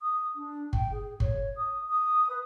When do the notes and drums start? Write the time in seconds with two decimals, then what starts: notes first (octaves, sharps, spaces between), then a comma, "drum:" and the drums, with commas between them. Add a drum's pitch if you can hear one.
0.01 D#6
0.36 D4
0.73 G5, drum: kick G1
0.92 G#4
1.20 C#5, drum: kick G1
1.56 D#6
1.89 D#6
2.29 B4